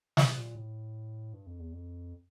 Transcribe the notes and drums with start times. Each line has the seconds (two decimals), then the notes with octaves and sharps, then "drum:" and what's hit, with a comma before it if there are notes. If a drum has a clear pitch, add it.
0.17 C3, drum: snare
0.36 A#2
0.55 A2
1.33 G2
1.47 F2
1.59 E2
1.72 F2